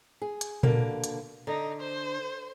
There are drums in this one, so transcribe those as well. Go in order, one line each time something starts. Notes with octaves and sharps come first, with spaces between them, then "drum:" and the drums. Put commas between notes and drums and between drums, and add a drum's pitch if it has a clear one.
G#4
drum: hi-hat
B2 D3 A#3, drum: tom A#2
drum: hi-hat
D3 D#4
C5